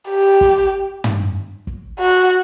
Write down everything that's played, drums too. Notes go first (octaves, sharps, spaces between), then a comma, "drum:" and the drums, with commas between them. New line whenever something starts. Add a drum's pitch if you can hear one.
G4
drum: kick
drum: tom
drum: kick
F#4